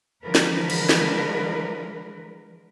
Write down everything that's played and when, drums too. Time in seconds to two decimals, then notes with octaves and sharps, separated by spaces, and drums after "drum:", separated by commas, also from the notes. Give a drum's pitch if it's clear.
0.24 D3 E3 F3 G#3 A#4 B4
0.35 drum: snare
0.70 drum: cymbal
0.89 drum: snare